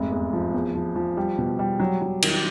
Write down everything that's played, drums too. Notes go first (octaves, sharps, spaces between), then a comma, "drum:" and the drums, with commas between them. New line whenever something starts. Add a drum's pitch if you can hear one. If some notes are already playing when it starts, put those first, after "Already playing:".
Already playing: F1 G#2
E2
F3
E2
F3
F3
G3
B2
G3
F#3
F#3
D#3, drum: cymbal